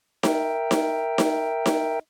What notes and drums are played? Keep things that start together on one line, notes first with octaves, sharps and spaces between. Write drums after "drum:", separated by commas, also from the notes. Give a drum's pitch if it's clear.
A#4 E5 G5, drum: snare D#4
drum: snare D#4
drum: snare D#4
drum: snare D#4